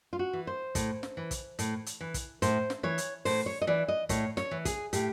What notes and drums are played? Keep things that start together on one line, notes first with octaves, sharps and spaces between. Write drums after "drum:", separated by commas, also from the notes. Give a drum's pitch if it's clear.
F4
F#4
E3
C5
A2, drum: kick, hi-hat
drum: snare
E3
drum: kick, hi-hat
A2, drum: hi-hat
drum: hi-hat
E3
drum: kick, hi-hat
A2 C5, drum: hi-hat
drum: snare
E3 C#5
drum: hi-hat
A2 C5, drum: open hi-hat
C#5
D#5
E3 D5
D#5
A2 C#5, drum: kick, hi-hat
C#5, drum: snare
E3
G#4, drum: kick, hi-hat
A2 G4, drum: hi-hat